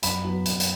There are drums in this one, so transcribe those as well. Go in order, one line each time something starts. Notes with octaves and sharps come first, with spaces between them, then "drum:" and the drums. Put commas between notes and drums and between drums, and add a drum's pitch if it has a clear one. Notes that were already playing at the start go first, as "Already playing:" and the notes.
F#2 B5, drum: hi-hat
F#3 B3
F#2, drum: hi-hat
drum: hi-hat